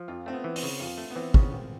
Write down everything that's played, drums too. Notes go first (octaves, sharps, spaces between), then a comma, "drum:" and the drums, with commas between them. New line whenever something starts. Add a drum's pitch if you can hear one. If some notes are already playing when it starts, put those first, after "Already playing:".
Already playing: F3
F2 F4
A3 C4
B3
E3
C4, drum: open hi-hat
C#3
F2 F4
A3
B3
E3 C4
C#3, drum: kick
G#1